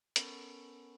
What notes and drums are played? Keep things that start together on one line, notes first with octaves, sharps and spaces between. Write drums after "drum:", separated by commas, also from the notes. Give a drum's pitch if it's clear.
B3 C#4 A4 A#4 B5 C#6, drum: hi-hat